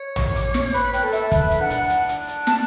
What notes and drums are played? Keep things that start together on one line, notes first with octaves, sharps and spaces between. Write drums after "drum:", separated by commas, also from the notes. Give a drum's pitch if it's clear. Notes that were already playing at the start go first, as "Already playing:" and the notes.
Already playing: C#5
C#6, drum: tom
D6, drum: hi-hat
C#6, drum: snare
B4 B5, drum: hi-hat
G5, drum: hi-hat
A4
E5, drum: hi-hat
B4 E5, drum: kick, hi-hat
drum: hi-hat
D4 F#5
drum: hi-hat
drum: hi-hat
drum: hi-hat
drum: hi-hat
A5, drum: snare